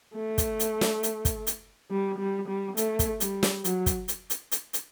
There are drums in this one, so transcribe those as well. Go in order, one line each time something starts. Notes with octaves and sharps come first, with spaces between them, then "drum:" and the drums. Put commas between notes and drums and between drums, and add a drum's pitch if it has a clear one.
A3
drum: kick, hi-hat
drum: hi-hat
drum: snare
drum: hi-hat
drum: kick, hi-hat
drum: hi-hat
G3
G3
G3
A3, drum: hi-hat
drum: kick, hi-hat
G3, drum: hi-hat
drum: snare
F#3, drum: hi-hat
drum: kick, hi-hat
drum: hi-hat
drum: hi-hat
drum: hi-hat
drum: hi-hat